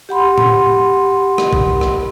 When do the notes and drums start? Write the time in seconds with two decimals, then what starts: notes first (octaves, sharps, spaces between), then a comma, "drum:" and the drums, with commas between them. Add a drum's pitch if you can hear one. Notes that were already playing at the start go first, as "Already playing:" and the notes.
0.09 G4 F#5 B5 C6
0.38 drum: tom A2
1.38 drum: rim click
1.53 drum: kick
1.81 drum: rim click